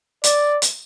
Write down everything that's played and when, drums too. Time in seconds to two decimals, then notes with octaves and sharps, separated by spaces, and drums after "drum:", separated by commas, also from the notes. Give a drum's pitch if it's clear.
0.24 D5, drum: hi-hat
0.62 drum: hi-hat